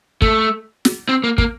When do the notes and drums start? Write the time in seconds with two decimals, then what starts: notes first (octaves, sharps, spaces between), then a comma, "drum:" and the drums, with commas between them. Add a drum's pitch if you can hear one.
0.22 A3, drum: kick
0.85 drum: snare
1.09 C4
1.24 A#3
1.38 A#3, drum: kick